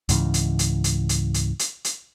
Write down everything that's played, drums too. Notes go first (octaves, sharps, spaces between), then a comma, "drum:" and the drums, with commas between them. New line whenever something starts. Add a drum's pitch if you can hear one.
C#2 G#2 C#3 E3, drum: hi-hat
drum: hi-hat
drum: hi-hat
drum: hi-hat
drum: hi-hat
drum: hi-hat
drum: hi-hat
drum: hi-hat